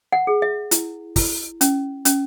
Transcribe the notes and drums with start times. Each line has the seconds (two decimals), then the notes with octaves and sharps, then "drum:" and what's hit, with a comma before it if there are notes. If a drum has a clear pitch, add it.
0.12 F#5
0.27 G#4
0.42 E5
0.71 E4, drum: hi-hat
1.16 E4, drum: kick, open hi-hat
1.61 C#4, drum: hi-hat
2.05 C#4, drum: hi-hat